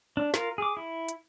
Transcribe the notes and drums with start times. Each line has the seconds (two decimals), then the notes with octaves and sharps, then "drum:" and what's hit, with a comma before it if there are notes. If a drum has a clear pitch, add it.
0.17 D4
0.34 F4 A#4, drum: snare
0.58 G#4 D6
0.77 E4
1.09 drum: hi-hat